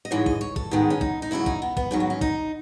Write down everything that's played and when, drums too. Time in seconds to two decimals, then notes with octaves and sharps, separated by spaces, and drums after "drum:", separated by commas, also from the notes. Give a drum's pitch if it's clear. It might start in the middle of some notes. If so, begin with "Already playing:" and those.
0.05 D#5
0.11 G#2 E3 G#3 C#5
0.26 D#5, drum: kick
0.41 C#5
0.56 A4, drum: kick
0.71 G#2 D#3 G#3 B3
0.90 C#4
1.01 D#4, drum: kick
1.22 D#4
1.31 E2 C#3 F#3 E4
1.46 D#4, drum: kick
1.62 B3
1.77 B3, drum: kick
1.91 G#2 D#3 F#3 C#4
2.00 B3
2.10 C#4
2.21 D#4, drum: kick